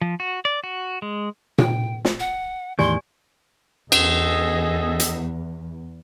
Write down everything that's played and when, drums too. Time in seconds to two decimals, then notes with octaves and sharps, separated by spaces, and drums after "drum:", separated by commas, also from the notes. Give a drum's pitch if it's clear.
0.01 F3
0.20 F#4
0.45 D5
0.64 F#4
1.02 G#3
1.58 G5, drum: tom A#2
2.05 drum: snare
2.20 F#5
2.79 E2 A2 D#3 G4 D5 G#5 C6
3.92 E2 G#4 A4 D#5, drum: cymbal
5.00 drum: hi-hat